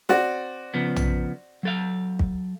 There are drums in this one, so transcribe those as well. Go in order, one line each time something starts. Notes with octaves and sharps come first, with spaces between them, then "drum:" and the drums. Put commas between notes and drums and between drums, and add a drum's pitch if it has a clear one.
C4 F#4 D5, drum: snare
C#3 F3 B3
drum: tom
F#3 A4 F5
drum: kick